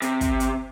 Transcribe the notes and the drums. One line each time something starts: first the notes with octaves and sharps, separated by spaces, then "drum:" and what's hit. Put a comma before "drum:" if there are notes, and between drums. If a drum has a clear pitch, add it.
C3, drum: hi-hat
drum: kick, hi-hat
drum: hi-hat